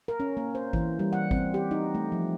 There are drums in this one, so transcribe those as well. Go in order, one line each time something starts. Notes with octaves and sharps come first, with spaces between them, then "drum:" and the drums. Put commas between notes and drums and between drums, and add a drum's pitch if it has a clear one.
A#4
C#4
A#3
C5
E3, drum: kick G#1
G3
F#5
C4, drum: kick G#1
G4
D#4
A3
F3